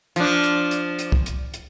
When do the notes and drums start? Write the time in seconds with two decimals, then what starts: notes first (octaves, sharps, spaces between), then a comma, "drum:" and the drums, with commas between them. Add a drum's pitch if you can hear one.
0.16 F3 D4, drum: hi-hat
0.44 drum: hi-hat
0.71 drum: hi-hat
0.99 drum: hi-hat
1.12 drum: kick C2
1.26 drum: hi-hat
1.54 drum: hi-hat